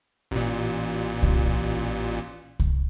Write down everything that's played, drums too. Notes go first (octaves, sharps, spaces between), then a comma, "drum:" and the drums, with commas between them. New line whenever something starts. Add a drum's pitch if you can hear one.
A1 A#2
drum: kick C2
drum: kick C2